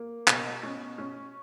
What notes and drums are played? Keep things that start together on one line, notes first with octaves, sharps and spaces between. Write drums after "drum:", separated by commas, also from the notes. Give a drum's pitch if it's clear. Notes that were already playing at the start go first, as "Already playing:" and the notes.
Already playing: A#3
B2, drum: clap
C#4
C#4